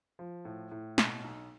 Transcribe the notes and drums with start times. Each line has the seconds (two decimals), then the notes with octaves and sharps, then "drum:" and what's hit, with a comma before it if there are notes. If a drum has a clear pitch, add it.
0.19 F3
0.45 A2
0.71 A2
0.98 B2, drum: snare
1.24 B1